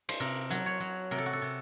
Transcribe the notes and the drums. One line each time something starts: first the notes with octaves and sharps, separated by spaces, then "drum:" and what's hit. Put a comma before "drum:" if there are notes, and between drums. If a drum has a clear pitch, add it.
C5, drum: cymbal
C3 A#4
F#3, drum: hi-hat
C#5
F#3
C3 A#4
A4
F#4
A4
C3